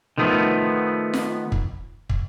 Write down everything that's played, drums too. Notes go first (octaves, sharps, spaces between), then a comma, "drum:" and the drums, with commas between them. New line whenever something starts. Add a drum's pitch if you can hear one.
D#3 F3 A3 B3
drum: snare F4
drum: kick
drum: kick